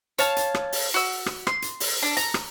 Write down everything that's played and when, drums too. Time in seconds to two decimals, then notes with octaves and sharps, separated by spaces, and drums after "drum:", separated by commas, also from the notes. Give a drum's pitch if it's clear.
0.19 C#5 F5 A5, drum: hi-hat
0.37 drum: hi-hat
0.54 drum: rim click
0.72 drum: open hi-hat
0.94 F#4 E6
1.26 drum: rim click
1.47 C6, drum: rim click
1.62 drum: hi-hat
1.80 drum: open hi-hat
2.03 D4
2.17 A#5, drum: hi-hat
2.34 drum: rim click